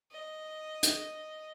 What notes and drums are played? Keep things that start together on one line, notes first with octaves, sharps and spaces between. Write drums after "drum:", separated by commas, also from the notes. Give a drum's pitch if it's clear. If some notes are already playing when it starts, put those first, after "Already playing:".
D#5
drum: hi-hat